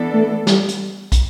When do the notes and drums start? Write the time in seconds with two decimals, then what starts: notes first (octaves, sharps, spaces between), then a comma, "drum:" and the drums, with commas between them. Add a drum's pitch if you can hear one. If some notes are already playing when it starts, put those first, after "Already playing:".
Already playing: E3 B3 D4 A4
0.14 A3
0.47 G3, drum: snare
0.69 drum: hi-hat
1.12 drum: kick, hi-hat